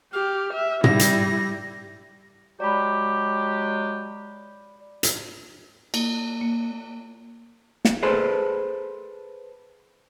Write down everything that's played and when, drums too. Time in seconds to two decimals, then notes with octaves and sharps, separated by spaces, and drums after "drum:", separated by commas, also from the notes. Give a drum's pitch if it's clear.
0.13 G4 F6
0.53 E5
0.84 G3 E4 A#6, drum: tom
0.99 drum: hi-hat
2.60 F#3 G#3 G4 D5 B5
5.03 drum: hi-hat
5.94 A#3, drum: cymbal
6.41 A#3
7.85 drum: snare
8.03 G#4 A4 B4 C5